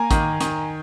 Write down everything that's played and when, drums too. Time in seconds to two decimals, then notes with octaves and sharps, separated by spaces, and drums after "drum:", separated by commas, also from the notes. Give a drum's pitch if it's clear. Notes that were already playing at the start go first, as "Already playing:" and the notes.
Already playing: A#3 G#5 A#5
0.11 D#3, drum: kick A1, hi-hat
0.41 D#3, drum: hi-hat